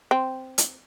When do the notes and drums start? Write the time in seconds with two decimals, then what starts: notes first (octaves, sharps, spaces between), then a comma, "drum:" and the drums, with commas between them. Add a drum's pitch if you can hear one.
0.11 C4
0.58 drum: hi-hat